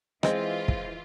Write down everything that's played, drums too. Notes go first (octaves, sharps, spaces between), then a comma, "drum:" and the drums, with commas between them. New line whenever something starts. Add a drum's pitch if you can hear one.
E3 G#3 C4 F4 D#5, drum: rim click
drum: kick